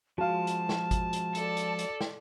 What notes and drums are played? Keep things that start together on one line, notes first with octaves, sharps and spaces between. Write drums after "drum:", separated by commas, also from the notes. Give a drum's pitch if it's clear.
F3 G#3 F#4 F5 A5
drum: hi-hat
drum: snare
drum: kick G#1, hi-hat
drum: hi-hat
A4 D5, drum: hi-hat
drum: hi-hat
drum: hi-hat
drum: snare